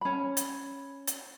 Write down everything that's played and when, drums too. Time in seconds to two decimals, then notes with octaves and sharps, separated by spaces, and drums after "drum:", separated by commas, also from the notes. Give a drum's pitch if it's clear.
0.01 C#4 B5
0.37 drum: hi-hat
1.08 drum: hi-hat